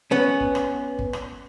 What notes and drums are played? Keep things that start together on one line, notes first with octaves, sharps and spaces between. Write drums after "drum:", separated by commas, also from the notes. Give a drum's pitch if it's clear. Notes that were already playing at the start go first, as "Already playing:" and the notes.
B3 C#4
drum: kick
drum: rim click
drum: kick
drum: rim click